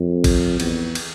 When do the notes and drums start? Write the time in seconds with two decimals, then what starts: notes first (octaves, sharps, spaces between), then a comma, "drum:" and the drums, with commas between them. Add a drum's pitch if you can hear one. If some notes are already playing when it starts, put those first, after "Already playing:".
Already playing: F2
0.24 drum: kick G#1, cymbal
0.60 E2, drum: cymbal
0.95 drum: cymbal